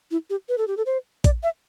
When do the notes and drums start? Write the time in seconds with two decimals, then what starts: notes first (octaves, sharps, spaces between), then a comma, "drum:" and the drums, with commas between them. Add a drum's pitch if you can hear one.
0.11 E4
0.30 G4
0.49 B4
0.58 A4
0.68 G4
0.77 A4
0.86 C5
1.24 D5, drum: kick, hi-hat
1.43 E5